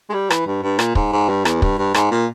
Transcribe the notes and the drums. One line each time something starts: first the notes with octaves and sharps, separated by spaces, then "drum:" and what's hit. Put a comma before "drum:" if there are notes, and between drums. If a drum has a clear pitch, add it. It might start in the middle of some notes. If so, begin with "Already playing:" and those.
G#3
G3
E3, drum: rim click
G2
G2
A#2, drum: rim click
G#2, drum: kick
G#2
G2
E2, drum: rim click
G2, drum: kick
G2
G#2, drum: rim click
A#2